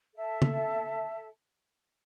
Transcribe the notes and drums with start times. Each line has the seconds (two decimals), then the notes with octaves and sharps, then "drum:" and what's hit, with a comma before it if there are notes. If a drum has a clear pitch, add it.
0.15 A4 E5 A5
0.42 drum: tom